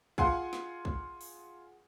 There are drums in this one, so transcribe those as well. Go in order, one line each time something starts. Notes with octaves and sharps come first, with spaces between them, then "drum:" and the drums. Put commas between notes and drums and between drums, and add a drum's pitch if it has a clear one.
F4 G#4 F#5 G#5 C6, drum: kick
drum: snare
drum: kick
drum: open hi-hat